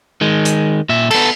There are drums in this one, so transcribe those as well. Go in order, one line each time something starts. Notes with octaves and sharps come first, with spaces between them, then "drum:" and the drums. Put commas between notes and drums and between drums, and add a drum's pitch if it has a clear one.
D#3 G#3
drum: hi-hat
A#2 E5
B3 A4, drum: cymbal